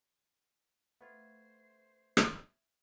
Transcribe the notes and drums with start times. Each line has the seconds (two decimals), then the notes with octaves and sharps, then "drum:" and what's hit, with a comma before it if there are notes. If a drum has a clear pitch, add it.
1.01 A3 B3 C#4 F4 C5 E5 C#6 G#6
2.17 drum: rim click